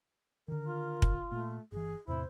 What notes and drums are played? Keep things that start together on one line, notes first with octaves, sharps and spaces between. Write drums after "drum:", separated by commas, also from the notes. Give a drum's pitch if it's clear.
D3 D#3 A#4
F4
drum: kick
A#2 A3
G1 E3 G#4
E2 A2 C3 E4 C5